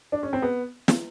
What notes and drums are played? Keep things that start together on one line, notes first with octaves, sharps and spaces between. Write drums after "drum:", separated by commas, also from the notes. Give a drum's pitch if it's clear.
D4
C#4
C4
B3
drum: snare